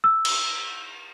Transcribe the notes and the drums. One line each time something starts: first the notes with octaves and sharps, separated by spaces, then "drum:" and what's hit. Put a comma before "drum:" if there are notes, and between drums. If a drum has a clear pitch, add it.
E6
drum: cymbal